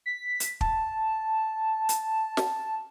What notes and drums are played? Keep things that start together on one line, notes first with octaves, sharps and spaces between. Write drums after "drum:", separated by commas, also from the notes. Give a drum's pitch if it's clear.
B6
drum: hi-hat
A5, drum: kick
drum: hi-hat
drum: snare